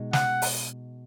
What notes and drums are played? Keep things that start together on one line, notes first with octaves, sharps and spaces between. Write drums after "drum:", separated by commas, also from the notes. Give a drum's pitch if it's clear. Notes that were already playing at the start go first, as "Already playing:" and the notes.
Already playing: B2 G#3 D#4
F#5, drum: snare
drum: open hi-hat